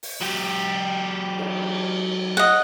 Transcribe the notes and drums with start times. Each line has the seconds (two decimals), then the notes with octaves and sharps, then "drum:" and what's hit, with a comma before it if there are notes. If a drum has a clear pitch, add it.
0.03 drum: open hi-hat
0.21 F#3 G4
1.38 drum: cymbal
2.37 D#5 F#5